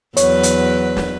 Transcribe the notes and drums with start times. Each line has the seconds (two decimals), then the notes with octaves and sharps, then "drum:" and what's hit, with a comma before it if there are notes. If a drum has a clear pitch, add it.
0.17 E2 F#3 B4 C#5, drum: hi-hat
0.43 drum: hi-hat
0.97 drum: snare